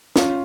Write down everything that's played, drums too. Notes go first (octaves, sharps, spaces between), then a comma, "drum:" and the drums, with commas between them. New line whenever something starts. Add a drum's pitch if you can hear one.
C#4 F4, drum: snare